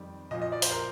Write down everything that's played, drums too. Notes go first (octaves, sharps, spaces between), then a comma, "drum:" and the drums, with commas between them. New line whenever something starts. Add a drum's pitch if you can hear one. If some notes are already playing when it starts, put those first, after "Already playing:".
Already playing: F2 D#3 G3
A#2 F3 D#5
D#5
D5
C5, drum: open hi-hat
A#4